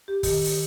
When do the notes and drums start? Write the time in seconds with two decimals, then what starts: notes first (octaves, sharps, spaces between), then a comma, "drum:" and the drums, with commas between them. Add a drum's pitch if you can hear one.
0.08 G4
0.23 D#3 G4, drum: kick, open hi-hat
0.44 drum: open hi-hat